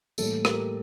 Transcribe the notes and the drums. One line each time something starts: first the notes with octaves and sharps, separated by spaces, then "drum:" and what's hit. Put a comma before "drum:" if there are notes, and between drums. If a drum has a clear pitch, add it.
A2 E3 G3 A#3 A4, drum: tambourine
G4 A#4, drum: rim click